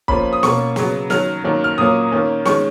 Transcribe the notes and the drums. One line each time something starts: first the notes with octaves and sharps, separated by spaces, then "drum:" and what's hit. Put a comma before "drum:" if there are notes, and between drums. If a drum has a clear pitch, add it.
F3 A#3 C#4 B5, drum: kick
D#6
B2 A#3 C#4 C#6, drum: snare
C#3 F#3 B3, drum: snare
D#3 F#3 C#4 F6, drum: snare
D#3 F#3 A#3 C#4
F6
A#2 F#3 A#3 C#4 D#6
D#3 A#3 C#4
D#3 G#3 C#4 C#6, drum: snare